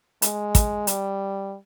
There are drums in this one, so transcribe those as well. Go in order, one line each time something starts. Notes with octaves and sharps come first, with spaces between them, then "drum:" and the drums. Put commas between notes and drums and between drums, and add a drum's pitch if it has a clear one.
G#3, drum: hi-hat
drum: kick, hi-hat
G3, drum: hi-hat